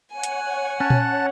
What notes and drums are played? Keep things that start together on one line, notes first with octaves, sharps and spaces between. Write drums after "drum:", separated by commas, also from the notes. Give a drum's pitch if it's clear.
C#5 F#5 G#5
drum: hi-hat
C#4 A5 F#6 A6
drum: tom A#2